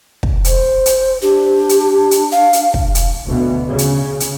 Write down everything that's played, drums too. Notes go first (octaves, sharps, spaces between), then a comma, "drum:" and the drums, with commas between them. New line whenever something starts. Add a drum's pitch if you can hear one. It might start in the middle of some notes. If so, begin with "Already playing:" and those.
drum: kick
C5, drum: hi-hat
drum: hi-hat
D4 G4
drum: hi-hat
drum: hi-hat
F5
drum: hi-hat
drum: kick
drum: hi-hat
D2 B2
C#3
drum: hi-hat
drum: hi-hat